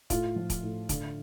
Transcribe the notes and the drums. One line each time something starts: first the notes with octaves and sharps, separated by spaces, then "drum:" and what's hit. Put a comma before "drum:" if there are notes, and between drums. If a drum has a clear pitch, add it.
A2 F4, drum: kick, hi-hat
F3
drum: kick, hi-hat
A2
D3, drum: kick, hi-hat